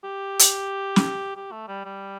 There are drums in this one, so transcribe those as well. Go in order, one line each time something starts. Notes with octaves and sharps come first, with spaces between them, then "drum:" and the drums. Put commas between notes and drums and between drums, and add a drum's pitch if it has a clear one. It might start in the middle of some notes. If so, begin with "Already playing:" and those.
G4
drum: hi-hat
drum: snare
G4
A3
G3
G3